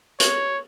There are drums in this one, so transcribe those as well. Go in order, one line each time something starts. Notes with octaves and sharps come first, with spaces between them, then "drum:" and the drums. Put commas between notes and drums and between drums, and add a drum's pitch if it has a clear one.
C#5, drum: hi-hat